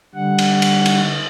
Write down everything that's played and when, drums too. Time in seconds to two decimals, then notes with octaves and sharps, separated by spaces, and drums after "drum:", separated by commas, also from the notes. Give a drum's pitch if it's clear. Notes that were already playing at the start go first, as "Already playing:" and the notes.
0.15 D3 G3 F#5
0.38 drum: cymbal
0.62 drum: cymbal
0.86 drum: cymbal